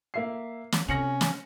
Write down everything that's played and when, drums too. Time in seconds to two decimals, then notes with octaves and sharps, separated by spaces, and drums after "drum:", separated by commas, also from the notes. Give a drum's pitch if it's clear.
0.14 A#3 E5 C7
0.72 drum: snare
0.89 C3 C#4 A#6 C#7 F#7
1.21 drum: snare